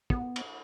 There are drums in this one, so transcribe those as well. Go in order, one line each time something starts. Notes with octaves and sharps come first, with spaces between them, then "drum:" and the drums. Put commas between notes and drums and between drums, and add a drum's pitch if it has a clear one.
B3, drum: kick
drum: cymbal